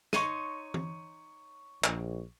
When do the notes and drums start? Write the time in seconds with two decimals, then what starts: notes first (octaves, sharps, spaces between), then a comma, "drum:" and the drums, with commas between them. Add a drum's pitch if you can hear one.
0.13 D#4 C#5 C6 C#6 D#7, drum: snare
0.74 drum: tom
1.84 A#1, drum: clap